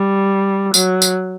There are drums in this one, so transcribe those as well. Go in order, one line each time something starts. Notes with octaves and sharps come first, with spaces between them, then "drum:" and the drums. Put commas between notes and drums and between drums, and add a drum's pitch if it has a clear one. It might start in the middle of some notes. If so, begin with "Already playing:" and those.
Already playing: G3
F#3, drum: tambourine
drum: tambourine